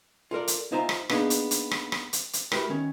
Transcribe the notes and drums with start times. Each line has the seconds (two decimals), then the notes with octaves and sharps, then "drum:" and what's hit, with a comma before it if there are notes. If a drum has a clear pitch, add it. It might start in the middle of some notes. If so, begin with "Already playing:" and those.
0.31 F4 A4 A#4 D5
0.48 drum: hi-hat
0.72 D#4 F4 C5 E5 G#5 A#5
0.89 drum: rim click
1.09 A#3 B3 D4 D#4 G#4, drum: rim click
1.30 drum: hi-hat
1.51 drum: hi-hat
1.71 drum: rim click
1.92 drum: rim click
2.13 drum: hi-hat
2.33 drum: hi-hat
2.52 A3 E4 F#4 G4 A#4 B4, drum: rim click
2.70 D#3 C#4